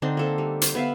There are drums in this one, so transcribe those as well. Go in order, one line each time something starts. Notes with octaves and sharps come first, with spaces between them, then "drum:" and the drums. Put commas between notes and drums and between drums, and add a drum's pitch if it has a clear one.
D3 C4 D4 D#4
A#3 A4 C5
G3
C5, drum: hi-hat
B3 E5 F5